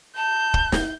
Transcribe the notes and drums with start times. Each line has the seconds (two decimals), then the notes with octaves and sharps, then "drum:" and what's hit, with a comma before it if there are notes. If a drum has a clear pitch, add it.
0.17 A5 G6
0.54 drum: kick
0.72 drum: snare